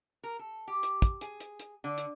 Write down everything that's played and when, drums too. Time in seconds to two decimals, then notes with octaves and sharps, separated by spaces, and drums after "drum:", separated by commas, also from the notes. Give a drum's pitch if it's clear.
0.24 A#4
0.39 A4
0.68 G4
0.83 drum: hi-hat
1.02 drum: kick, hi-hat
1.21 G#4, drum: hi-hat
1.40 drum: hi-hat
1.60 drum: hi-hat
1.84 D3
1.98 drum: hi-hat